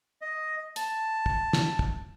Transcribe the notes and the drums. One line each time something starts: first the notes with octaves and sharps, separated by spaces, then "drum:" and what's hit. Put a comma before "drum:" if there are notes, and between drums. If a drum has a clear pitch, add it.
D#5
A5, drum: hi-hat
drum: kick
drum: snare
drum: kick